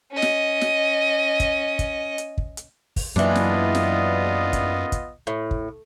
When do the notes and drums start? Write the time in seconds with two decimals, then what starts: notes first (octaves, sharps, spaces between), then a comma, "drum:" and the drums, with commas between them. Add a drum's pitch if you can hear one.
0.12 C#4 D#5
0.22 drum: snare
0.61 drum: snare
1.40 drum: kick, hi-hat
1.79 drum: kick, hi-hat
2.18 drum: hi-hat
2.38 drum: kick
2.57 drum: hi-hat
2.96 drum: kick, open hi-hat
3.16 F#2 E3 F#3 A#3 B3 D4 F4 D#5
3.35 drum: snare
3.75 drum: snare
4.53 drum: kick, hi-hat
4.92 drum: kick, hi-hat
5.27 A2
5.51 drum: kick